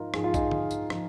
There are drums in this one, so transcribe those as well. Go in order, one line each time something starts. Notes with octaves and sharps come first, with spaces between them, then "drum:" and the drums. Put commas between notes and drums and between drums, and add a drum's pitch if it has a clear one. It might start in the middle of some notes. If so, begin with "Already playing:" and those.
Already playing: G#2 F3 D#4 F4 A#4
G#2 F3 G#4, drum: rim click
F4
D#4 G#4, drum: kick, tambourine
drum: tom D3
drum: tambourine
F3, drum: rim click